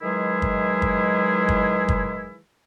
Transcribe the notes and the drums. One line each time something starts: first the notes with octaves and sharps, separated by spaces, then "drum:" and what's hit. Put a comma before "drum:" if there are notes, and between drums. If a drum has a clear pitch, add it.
D#3 E3 F#3 G#3 E4 G#4
drum: kick
drum: kick
drum: kick
drum: kick